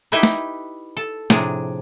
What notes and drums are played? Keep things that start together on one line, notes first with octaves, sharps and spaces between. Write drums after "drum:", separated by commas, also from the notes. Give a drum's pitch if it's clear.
D#4 E4 G4 B4 D#5 E5
drum: snare
A4
A2 C3 F3 D4 G#4 A#5, drum: snare